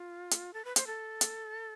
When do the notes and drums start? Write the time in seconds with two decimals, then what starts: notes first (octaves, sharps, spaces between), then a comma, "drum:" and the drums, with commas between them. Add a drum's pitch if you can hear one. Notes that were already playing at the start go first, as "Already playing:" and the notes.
Already playing: F4
0.31 drum: hi-hat
0.53 A4
0.65 B4
0.76 C5, drum: hi-hat
0.87 A4
1.21 drum: hi-hat